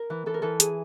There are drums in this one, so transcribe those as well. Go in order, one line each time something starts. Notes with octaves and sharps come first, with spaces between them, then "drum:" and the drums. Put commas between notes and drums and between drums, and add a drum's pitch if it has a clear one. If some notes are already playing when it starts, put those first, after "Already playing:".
Already playing: A#4
E3
E3 A4
A#4
E3 A4
G#4, drum: hi-hat